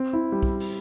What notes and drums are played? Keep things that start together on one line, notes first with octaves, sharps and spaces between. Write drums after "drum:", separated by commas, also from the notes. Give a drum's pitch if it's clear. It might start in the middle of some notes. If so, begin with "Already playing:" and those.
Already playing: C4
E4
G3
drum: kick B1
drum: open hi-hat